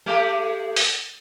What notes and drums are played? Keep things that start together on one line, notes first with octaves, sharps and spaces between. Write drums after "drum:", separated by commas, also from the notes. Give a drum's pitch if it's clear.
G#3 A3 G4
drum: open hi-hat